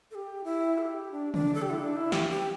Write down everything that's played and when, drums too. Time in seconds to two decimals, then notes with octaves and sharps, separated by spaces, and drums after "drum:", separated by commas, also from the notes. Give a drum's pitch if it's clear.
0.11 A4
0.15 G4
0.45 E4
0.78 A4
0.82 G4
1.12 D4
1.34 D4, drum: tom
1.54 A4
1.62 G4
1.70 E4
1.80 D4
1.96 E4
2.12 G4, drum: snare
2.30 G4